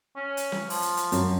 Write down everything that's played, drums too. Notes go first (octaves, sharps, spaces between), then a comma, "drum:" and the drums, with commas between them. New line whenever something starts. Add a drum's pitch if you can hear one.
C#4
drum: hi-hat
drum: snare
F3, drum: open hi-hat
drum: hi-hat
drum: hi-hat
F#2, drum: hi-hat